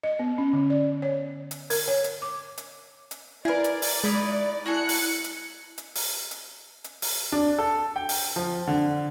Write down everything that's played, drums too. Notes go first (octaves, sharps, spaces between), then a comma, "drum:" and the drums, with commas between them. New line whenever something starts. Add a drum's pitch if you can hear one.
D#5
B3
C#4
D3
D5
C#5
drum: hi-hat
A#4, drum: open hi-hat
C#5
drum: hi-hat
D6
drum: hi-hat
drum: hi-hat
E4 G#4 A#4 B4 D5
drum: hi-hat
drum: open hi-hat
G#3 D#4 E4 B4
E4 F#4 G#4 A4 F#6 C#7
drum: open hi-hat
drum: hi-hat
drum: hi-hat
drum: open hi-hat
drum: hi-hat
drum: hi-hat
drum: open hi-hat
D4
A4
G5
drum: open hi-hat
F3
D3